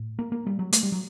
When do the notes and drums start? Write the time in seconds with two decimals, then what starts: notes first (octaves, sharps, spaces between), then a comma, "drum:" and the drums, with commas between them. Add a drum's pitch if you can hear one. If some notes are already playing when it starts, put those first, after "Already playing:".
Already playing: A2
0.19 A#3
0.32 A#3
0.47 G3
0.59 F#3
0.73 A3, drum: hi-hat
0.83 G3
0.92 F#3